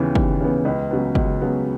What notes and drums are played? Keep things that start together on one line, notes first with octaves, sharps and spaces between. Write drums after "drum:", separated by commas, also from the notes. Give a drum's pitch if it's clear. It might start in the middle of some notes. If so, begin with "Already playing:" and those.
Already playing: D#2 C#3 E3 B3
D#2, drum: kick
C#3 E3 B3
C#2 B4
C#3 F#3 B3
C#2, drum: kick
C#3 F#3 B3